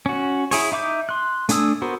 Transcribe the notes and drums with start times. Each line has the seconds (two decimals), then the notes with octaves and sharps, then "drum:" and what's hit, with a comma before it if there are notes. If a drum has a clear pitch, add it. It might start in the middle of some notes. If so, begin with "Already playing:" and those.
0.06 C#4 F#4
0.51 E4 G#4 C#5, drum: open hi-hat
0.72 D#4 E5 D6 G6
1.09 C6 F#6
1.49 A3 D4 G#5 D#6 E6, drum: hi-hat
1.82 B3 F#4 A#4 C5